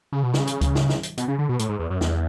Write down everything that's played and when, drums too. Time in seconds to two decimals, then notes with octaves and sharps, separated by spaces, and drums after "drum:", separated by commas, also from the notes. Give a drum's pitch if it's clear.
0.12 C#3
0.23 B2
0.34 C#3, drum: snare
0.47 drum: hi-hat
0.61 drum: kick C#2, hi-hat
0.75 drum: snare
0.89 drum: snare
1.03 drum: hi-hat
1.18 B2, drum: hi-hat
1.28 C#3
1.39 D3
1.49 B2
1.59 A2, drum: hi-hat
1.69 G#2
1.79 E2
1.90 F#2
2.01 E2, drum: snare